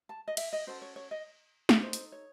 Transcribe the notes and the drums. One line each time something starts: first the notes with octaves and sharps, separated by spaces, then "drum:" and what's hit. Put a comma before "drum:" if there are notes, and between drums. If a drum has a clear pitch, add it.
A5
D#5
E5, drum: cymbal
D#5
C#4 F#4 A4 C5
C#5
C#5
D#5
drum: snare
D#4 A4 C5
drum: hi-hat
C#5